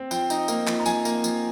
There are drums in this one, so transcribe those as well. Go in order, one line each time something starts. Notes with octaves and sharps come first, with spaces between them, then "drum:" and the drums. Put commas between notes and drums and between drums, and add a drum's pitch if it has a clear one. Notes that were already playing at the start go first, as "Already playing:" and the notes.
Already playing: C4
F3 G5, drum: tambourine
D#4, drum: tambourine
A#3, drum: tambourine
F3, drum: clap
A#5
F3 G#5, drum: tambourine
A#3, drum: tambourine
F3, drum: tambourine